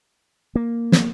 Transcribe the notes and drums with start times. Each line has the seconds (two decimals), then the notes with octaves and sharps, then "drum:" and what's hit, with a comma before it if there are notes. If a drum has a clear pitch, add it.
0.55 A#3
0.92 drum: snare